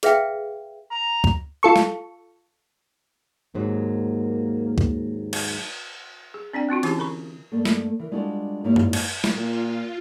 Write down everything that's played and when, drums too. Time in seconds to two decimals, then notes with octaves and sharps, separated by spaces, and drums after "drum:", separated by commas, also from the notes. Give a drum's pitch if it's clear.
0.03 G#4 B4 E5 F5 G5, drum: hi-hat
0.91 A#5
1.24 drum: kick
1.63 F4 A4 C#6
1.76 drum: snare
3.55 D#2 G#2 F#3 A#3
4.78 drum: kick
5.33 drum: cymbal
6.34 G#4
6.53 C4 D4 D5 G5
6.69 B3 C4 F4 F#4
6.83 E3 C#4 E4 G4 G#4 A5, drum: cymbal
6.99 D3 B5 C#6
7.52 G2 A3 A#3 A4
7.65 drum: snare
8.00 E3 A#4
8.11 G3 G#3 D4 F4 F#4 A4
8.64 G#2 G3 A#3 D#4 E4 C#5
8.76 drum: tom F#2
8.93 drum: cymbal
9.24 drum: snare
9.36 A#2 F4